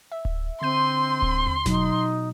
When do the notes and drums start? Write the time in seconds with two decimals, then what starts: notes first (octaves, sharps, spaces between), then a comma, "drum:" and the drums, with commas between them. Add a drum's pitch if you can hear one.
0.12 E5
0.25 drum: kick D1
0.62 D3 C4 C6 G6 D#7
1.22 drum: kick D1
1.47 drum: tom D#2
1.66 B2 F#3 D#4, drum: snare E1